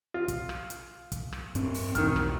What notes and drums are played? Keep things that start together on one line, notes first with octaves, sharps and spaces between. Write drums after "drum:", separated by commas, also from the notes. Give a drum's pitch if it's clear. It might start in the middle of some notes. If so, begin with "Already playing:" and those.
F4
drum: kick, hi-hat
drum: rim click
drum: hi-hat
drum: kick, hi-hat
drum: rim click
G2 C4, drum: hi-hat
drum: open hi-hat
B1 E2 D#3 F6, drum: kick, hi-hat
drum: rim click